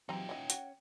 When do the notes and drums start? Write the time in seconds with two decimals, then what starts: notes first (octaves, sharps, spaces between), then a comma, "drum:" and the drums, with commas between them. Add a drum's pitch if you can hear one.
0.09 E3 F#3 C4 D#4 F4 G4 G5 A#5
0.29 E3 C#4 C#5 D#5 F#5
0.50 F#4, drum: hi-hat